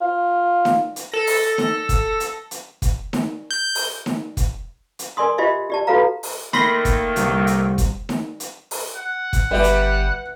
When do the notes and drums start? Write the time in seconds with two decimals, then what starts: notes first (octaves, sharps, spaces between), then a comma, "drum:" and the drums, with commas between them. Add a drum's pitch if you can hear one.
0.01 F4
0.65 drum: snare D#4
0.96 drum: hi-hat
1.12 A4 A#6
1.27 drum: open hi-hat
1.58 drum: snare D#4
1.89 drum: kick, hi-hat
2.20 drum: hi-hat
2.51 drum: hi-hat
2.82 drum: kick, hi-hat
3.13 drum: snare D#4
3.51 G6
3.75 drum: open hi-hat
4.06 drum: snare D#4
4.37 drum: kick, hi-hat
4.99 drum: hi-hat
5.17 A#4 D5 G#5 C6 D#6
5.38 F4 G4 C5 D#5 E5
5.70 G4 D5 A5
5.87 F4 F#4 A4 B4 F5 A#5
6.23 drum: open hi-hat
6.53 D#3 A3 A#3 B5 C6 A#6, drum: snare D#4
6.85 drum: kick, hi-hat
7.16 C2, drum: hi-hat
7.47 drum: hi-hat
7.78 drum: kick, hi-hat
8.09 drum: snare D#4
8.40 drum: hi-hat
8.71 drum: open hi-hat
8.96 F#5
9.33 drum: kick, hi-hat
9.51 G1 G3 G4 B4 E5
9.64 drum: hi-hat